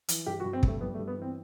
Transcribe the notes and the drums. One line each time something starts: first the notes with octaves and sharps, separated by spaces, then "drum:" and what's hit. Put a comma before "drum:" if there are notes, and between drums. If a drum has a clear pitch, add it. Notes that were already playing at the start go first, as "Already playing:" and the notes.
E3, drum: hi-hat
G2 G4
F#4
G2
C4
G2 A3, drum: kick
G3 B3
A3
G2
B3
E3 C4